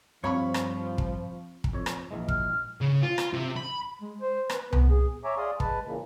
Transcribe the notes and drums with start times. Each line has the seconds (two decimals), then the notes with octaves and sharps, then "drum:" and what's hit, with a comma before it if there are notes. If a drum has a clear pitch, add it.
0.24 G2 F3 C4 C#5 F5 B5 C#6
0.54 drum: rim click
0.98 drum: kick
1.64 drum: kick
1.73 F2 C#5
1.86 drum: rim click
2.11 A#1 E3 G#3
2.28 F6, drum: kick
2.81 C#3
3.03 F4
3.18 drum: rim click
3.33 C3
3.56 B5
4.01 G#3
4.21 C5
4.50 B4, drum: rim click
4.73 B3, drum: tom C2
4.89 G#4
5.24 C#5 E5 G#5 A#5 D6
5.38 G#4 D5 F5 C6 D#6
5.60 G#3 B4 A5, drum: kick
5.86 A#2 C#3 E3 A#3